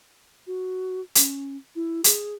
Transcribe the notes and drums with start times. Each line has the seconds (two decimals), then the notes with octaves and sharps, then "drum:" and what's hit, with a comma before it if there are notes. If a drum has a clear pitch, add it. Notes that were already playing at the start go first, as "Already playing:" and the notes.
0.47 F#4
1.15 C#4, drum: hi-hat
1.75 E4
2.04 G#4, drum: hi-hat